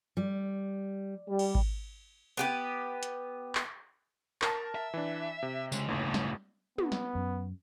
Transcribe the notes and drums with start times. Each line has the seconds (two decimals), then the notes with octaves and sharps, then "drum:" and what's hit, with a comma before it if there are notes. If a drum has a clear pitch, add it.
0.17 G3
1.29 G3
1.39 drum: cymbal
1.55 drum: kick G#1
2.37 B3 G4 B4
3.03 drum: hi-hat
3.55 drum: clap
4.42 A#4 A5, drum: clap
4.75 E5
4.94 E3 D4
5.43 C3
5.72 C#3 G#3, drum: tambourine
5.88 G1 D#2 A2 C#3
6.14 drum: snare
6.78 B3, drum: tom
6.92 drum: snare
7.15 F#2